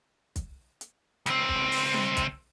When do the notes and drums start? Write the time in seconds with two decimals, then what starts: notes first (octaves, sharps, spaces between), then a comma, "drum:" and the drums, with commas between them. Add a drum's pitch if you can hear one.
0.36 drum: kick, hi-hat
0.81 drum: hi-hat
1.26 C#2 C4, drum: hi-hat
1.49 drum: kick
1.71 drum: open hi-hat
1.94 drum: tom G3
2.17 drum: kick, hi-hat